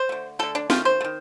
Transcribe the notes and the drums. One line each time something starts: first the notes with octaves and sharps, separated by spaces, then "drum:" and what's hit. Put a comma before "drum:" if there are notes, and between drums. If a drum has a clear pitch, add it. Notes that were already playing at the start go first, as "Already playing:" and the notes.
Already playing: C5
D3 A3
D3 A3 A4
D4
D#3 A3 F4, drum: snare
C5
A3
D#3